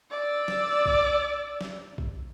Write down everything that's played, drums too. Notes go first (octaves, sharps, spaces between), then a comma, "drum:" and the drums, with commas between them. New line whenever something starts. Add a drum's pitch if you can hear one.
D5 E6
drum: snare
drum: kick
drum: snare
drum: kick